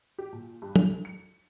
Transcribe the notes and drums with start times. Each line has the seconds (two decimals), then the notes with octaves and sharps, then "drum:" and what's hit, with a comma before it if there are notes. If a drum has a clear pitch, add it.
0.18 G4
0.33 A#2
0.62 G2
0.76 F7, drum: tom
1.05 C#7